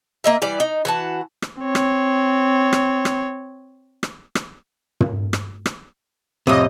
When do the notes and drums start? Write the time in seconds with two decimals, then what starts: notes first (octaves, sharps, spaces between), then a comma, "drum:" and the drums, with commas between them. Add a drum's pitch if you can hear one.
0.24 A#3 D#5 E5
0.42 E3 G3 D5
0.60 D#4
0.85 E3 F#4 A5
1.42 drum: rim click
1.62 C4 C#5
1.75 drum: rim click
2.73 drum: rim click
3.05 drum: rim click
4.03 drum: rim click
4.35 drum: rim click
5.00 drum: tom
5.33 drum: rim click
5.66 drum: rim click
6.47 F2 A2 C3 D#5 D#6